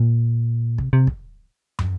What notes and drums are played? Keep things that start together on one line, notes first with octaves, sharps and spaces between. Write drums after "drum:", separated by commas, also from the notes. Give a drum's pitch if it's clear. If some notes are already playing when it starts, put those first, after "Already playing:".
Already playing: A#2
C3, drum: kick
C3
drum: kick
drum: tom